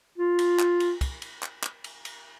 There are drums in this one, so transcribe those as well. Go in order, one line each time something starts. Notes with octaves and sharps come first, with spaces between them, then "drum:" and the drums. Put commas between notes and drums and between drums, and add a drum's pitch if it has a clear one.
F4
drum: cymbal
drum: clap
drum: cymbal
drum: kick, cymbal
drum: cymbal
drum: clap
drum: clap
drum: cymbal
drum: cymbal